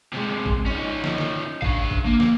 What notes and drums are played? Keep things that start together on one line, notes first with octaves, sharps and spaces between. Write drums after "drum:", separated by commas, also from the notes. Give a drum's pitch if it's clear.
C3 G#3
drum: kick
C#4 D#4
drum: snare
drum: snare
D4 F5, drum: kick
drum: kick
A#3
drum: snare